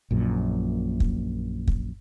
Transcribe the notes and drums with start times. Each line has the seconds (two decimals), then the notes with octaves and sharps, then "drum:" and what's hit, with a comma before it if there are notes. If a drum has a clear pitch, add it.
0.11 A#1 F#2 A#2
1.00 drum: kick
1.67 drum: kick